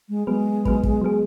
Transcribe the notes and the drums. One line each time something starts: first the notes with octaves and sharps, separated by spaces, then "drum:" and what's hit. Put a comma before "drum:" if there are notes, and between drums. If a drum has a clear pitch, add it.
G#3
F#3 G#3 B3 G#4 B4
F#3 B3 G#4 B4, drum: kick
drum: kick
F#3 B3 G#4